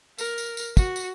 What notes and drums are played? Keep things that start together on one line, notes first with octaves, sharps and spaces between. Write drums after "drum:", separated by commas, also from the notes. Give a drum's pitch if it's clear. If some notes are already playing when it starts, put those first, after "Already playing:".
A#4, drum: tambourine
drum: tambourine
drum: tambourine
F#4, drum: kick, tambourine
drum: tambourine